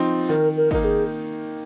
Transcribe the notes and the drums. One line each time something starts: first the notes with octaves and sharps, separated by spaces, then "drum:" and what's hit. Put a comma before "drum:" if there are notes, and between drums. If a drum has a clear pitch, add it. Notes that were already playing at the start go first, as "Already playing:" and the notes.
Already playing: F3 C4 D#4
D#3 A#4
A#4
A#3 D#4 A#4, drum: kick G#1
G#4